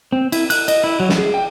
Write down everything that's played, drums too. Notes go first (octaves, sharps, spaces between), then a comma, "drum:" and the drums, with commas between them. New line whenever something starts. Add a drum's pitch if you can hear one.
C4
E4, drum: cymbal
F#6, drum: cymbal
D#5, drum: cymbal
E4
F#3
drum: snare
G#4
G5